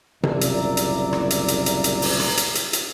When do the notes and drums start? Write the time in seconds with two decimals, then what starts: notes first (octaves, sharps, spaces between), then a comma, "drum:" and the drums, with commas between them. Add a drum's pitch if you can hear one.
0.23 F#1 C2 A#2 D5 E5 A#5, drum: tom C3
0.41 drum: hi-hat
0.77 drum: hi-hat
1.13 drum: rim click
1.30 drum: hi-hat
1.48 drum: hi-hat
1.66 drum: hi-hat
1.84 drum: hi-hat
2.02 drum: open hi-hat
2.20 drum: rim click
2.37 drum: hi-hat
2.55 drum: hi-hat
2.73 drum: hi-hat